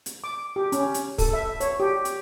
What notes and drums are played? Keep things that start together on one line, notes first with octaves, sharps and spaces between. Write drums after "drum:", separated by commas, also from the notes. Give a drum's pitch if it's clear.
drum: hi-hat
D6
G4
C#4, drum: hi-hat
drum: hi-hat
A4, drum: kick, open hi-hat
E5
C#5, drum: hi-hat
G4
drum: hi-hat